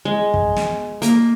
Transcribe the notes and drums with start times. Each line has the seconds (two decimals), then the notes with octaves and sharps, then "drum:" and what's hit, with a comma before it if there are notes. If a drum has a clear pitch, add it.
0.05 G#3
0.34 drum: kick
0.56 drum: snare
1.02 A#3, drum: hi-hat